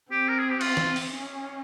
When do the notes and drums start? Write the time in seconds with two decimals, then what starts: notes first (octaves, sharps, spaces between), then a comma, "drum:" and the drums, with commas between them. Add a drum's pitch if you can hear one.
0.11 C4 G4
0.28 A#4
0.39 G#4
0.50 G4
0.61 F4, drum: cymbal
0.77 drum: snare
0.96 drum: open hi-hat
1.11 C#4